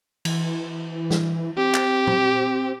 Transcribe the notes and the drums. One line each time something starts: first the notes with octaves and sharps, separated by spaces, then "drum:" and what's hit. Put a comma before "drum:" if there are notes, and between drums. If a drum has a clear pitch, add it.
E3, drum: cymbal
drum: snare
C4 G4
drum: clap
drum: tom